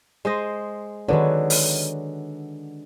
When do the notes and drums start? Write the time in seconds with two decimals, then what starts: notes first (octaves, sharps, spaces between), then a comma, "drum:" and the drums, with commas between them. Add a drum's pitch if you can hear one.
0.25 G#3 C5 D#5
1.08 D3 D#3 F#3 G#3 B4 C#5
1.50 drum: open hi-hat